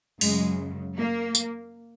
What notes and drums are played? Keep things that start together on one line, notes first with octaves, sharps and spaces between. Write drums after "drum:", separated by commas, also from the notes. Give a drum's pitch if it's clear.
F#2 C#3 F#3 G#3, drum: open hi-hat
A#3
drum: tambourine